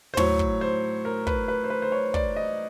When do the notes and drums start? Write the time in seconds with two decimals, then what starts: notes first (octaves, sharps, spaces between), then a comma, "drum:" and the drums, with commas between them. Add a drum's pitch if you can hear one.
0.14 C5
0.17 A2 F#3 C#5, drum: tom
0.39 drum: kick
0.61 C5
1.05 A#4
1.27 B4, drum: kick
1.48 B4
1.64 C5
1.70 B4
1.82 C5
1.92 C#5
2.14 D5, drum: kick
2.36 D#5